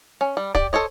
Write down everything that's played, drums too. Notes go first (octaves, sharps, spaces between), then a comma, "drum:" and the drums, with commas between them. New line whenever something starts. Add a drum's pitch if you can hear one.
C#4
G3
G4 D5, drum: kick
A4 C5 C#5 D#5